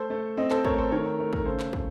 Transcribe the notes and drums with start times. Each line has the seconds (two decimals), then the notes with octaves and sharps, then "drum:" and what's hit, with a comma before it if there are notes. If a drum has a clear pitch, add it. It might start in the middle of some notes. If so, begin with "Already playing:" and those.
Already playing: A3 A4 C5
0.10 A3
0.37 C4 C5 D#5
0.51 A4 C5, drum: clap
0.65 A3 A#4 C#5, drum: kick
0.78 A4 C5
0.92 D#3 A#4 C#5
1.06 A#4
1.19 A3 A#4
1.33 A#4, drum: kick
1.45 C#3 A4 C5
1.60 drum: clap
1.73 A3, drum: kick